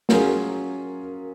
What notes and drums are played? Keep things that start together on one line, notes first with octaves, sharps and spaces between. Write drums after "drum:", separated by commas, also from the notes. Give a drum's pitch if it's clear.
F#3 C#4 F4 F#4 G#4 A#4, drum: snare